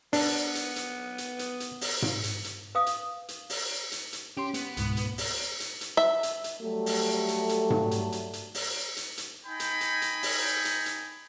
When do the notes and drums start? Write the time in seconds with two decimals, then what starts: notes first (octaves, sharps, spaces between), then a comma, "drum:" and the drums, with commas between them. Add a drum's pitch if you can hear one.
0.13 B3 D4, drum: open hi-hat
0.55 drum: hi-hat
0.76 drum: hi-hat
1.18 drum: hi-hat
1.39 drum: hi-hat
1.60 drum: hi-hat
1.81 drum: open hi-hat
2.02 drum: tom G#2
2.23 drum: hi-hat
2.44 drum: hi-hat
2.75 B4 F5 D#6
2.86 drum: hi-hat
3.29 drum: hi-hat
3.50 drum: open hi-hat
3.92 drum: hi-hat
4.13 drum: hi-hat
4.37 C#4 G4 C6
4.54 B3, drum: hi-hat
4.77 C#2 G#2 B2, drum: hi-hat
4.97 drum: hi-hat
5.18 drum: open hi-hat
5.60 drum: hi-hat
5.81 drum: hi-hat
5.97 E5
6.23 drum: hi-hat
6.44 drum: hi-hat
6.62 F#3 G3 A3 G4 A4
6.86 drum: open hi-hat
7.28 drum: hi-hat
7.49 drum: hi-hat
7.70 drum: tom G#2
7.91 drum: hi-hat
8.12 drum: hi-hat
8.33 drum: hi-hat
8.54 drum: open hi-hat
8.97 drum: hi-hat
9.18 drum: hi-hat
9.46 D#4 G5 G#5 B5
9.60 drum: hi-hat
9.81 drum: hi-hat
10.02 drum: hi-hat
10.23 drum: open hi-hat
10.65 drum: hi-hat
10.86 drum: hi-hat